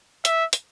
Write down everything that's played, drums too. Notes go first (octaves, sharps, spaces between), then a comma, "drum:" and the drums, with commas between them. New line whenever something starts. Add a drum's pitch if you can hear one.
E5, drum: hi-hat
drum: hi-hat